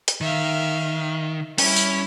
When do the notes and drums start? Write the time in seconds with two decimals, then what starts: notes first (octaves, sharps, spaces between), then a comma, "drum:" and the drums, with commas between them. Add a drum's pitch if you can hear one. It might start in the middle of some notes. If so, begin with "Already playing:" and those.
0.08 drum: hi-hat
0.21 D#3 E5 F5
1.58 G3 C#4 E4, drum: open hi-hat
1.76 drum: tambourine